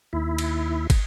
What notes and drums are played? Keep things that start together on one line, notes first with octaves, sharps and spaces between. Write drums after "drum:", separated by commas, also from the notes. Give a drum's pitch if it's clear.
D#2 E4
drum: cymbal
drum: kick, cymbal